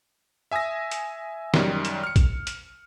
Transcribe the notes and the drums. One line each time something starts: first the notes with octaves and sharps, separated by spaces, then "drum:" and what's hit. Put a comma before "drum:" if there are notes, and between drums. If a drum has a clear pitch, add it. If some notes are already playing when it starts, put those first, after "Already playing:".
E5 G#5 D#6 E6 A#6
drum: hi-hat
F#2 D#3 G3, drum: snare
drum: hi-hat
F6 C#7
drum: kick, hi-hat
drum: hi-hat